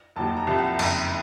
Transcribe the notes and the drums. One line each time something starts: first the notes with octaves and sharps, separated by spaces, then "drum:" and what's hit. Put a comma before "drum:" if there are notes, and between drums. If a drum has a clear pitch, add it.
F1 D#2 D#3 F#3 A5
A5
A#5
C2 C3 F3 A5
F#5
A5
F#1 F2 D#3 A#5, drum: cymbal